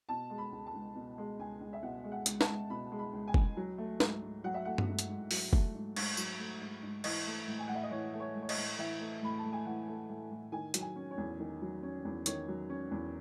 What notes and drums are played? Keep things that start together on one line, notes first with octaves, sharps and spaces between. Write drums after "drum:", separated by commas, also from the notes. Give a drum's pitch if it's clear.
B2 A5
G#3
B5
C#2
A5
C#2
B2
G#3
C#2 G#5
C#2
E5
B2 F#5
G#3
F#5
C#2, drum: hi-hat
A5, drum: snare
C#2
B2 B5
G#3
B5
C#2
G#5
C#2, drum: kick
F#3
A3
G#2, drum: snare
G#2
F#3 F#5
E5
A3 F#5
drum: tom G2
G#2
drum: hi-hat
G#2
F#3, drum: open hi-hat
A3, drum: kick
G#2
G#2, drum: cymbal
F#3, drum: tambourine
A3
G#2
G#2
E3 D#5, drum: cymbal
A3
A2
G#5
A2 F#5
E5
D#5
E3 C#5
A3
C#5
A2
C#5
D#5, drum: cymbal
A2
E3 E5
A3
A2 B5
A5
A2
G#5
E3 F#5
A3
A2
A2
D#3 G#5
F#3, drum: hi-hat
G#5
C#4
C#5
E2
D#3
F#3
C#4
E2
D#3 C#5, drum: hi-hat
F#3
C#4
E2